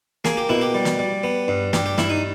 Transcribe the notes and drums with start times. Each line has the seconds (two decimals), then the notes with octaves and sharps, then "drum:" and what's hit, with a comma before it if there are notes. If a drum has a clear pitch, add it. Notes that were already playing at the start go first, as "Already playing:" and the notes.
0.24 A#3 G#4, drum: snare
0.37 G4
0.49 B2 E4
0.61 G4
0.75 G3
0.85 drum: snare
0.99 G3
1.24 B3
1.48 G2
1.73 G2 G4, drum: snare
1.86 G4
1.98 G2 E4, drum: snare
2.10 D#4